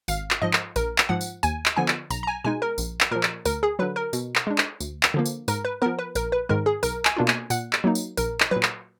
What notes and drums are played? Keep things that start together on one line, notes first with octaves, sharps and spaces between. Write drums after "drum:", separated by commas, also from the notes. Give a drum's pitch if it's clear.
G#1 F5, drum: tambourine
drum: clap
G#2 F3 D#5
drum: clap
A#1 A#4, drum: tambourine
drum: clap
G#2 F3 F#5
drum: tambourine
D#2 G#5, drum: tambourine
drum: clap
D3 F3 B3 G#5
drum: clap
B1 A#5, drum: tambourine
A#5
G#5
B2 G#3 D#4 G#5
A#4
A#1, drum: tambourine
drum: clap
A#2 F3 A#4
drum: clap
D2 A#4, drum: tambourine
G#4
D3 F#3 B4
A#4
B2, drum: tambourine
drum: clap
G#3 D4
drum: clap
D2, drum: tambourine
drum: clap
D3 F3 A#3
drum: tambourine
G#2 A#4, drum: tambourine
B4
F3 B3 A#4
B4
A#1 A#4, drum: tambourine
B4
G#2 D#3 G#3 A#4
G#4
B1 A#4, drum: tambourine
G#5, drum: clap
B2 A#3 D4 F4
G#5, drum: clap
A#2 F#5, drum: tambourine
drum: clap
F#3 A#3 D#4
drum: tambourine
A#1 A#4, drum: tambourine
drum: clap
A#2 F#3 B4
drum: clap